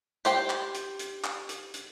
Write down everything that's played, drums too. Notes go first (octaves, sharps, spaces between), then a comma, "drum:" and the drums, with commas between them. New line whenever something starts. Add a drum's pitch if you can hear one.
G4 C5 G5, drum: hi-hat
drum: clap
drum: hi-hat
drum: hi-hat
drum: clap
drum: hi-hat
drum: hi-hat